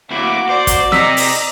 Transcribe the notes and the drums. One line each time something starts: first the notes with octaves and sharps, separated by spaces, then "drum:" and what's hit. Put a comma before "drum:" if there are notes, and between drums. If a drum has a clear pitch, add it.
D2 A#3 E4 F#4 D6
C5 D5
drum: kick, hi-hat
C3 D#5 A#5 E6 B6, drum: snare
drum: open hi-hat